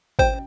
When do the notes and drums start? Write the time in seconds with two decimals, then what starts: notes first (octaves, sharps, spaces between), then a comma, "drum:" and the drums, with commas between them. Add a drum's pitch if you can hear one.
0.19 C5 G5, drum: kick G#1